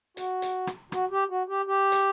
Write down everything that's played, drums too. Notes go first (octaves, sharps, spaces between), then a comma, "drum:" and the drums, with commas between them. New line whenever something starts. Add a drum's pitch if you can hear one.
F#4, drum: hi-hat
drum: hi-hat
drum: rim click
F#4, drum: rim click
G4
F#4
G4
G4
drum: hi-hat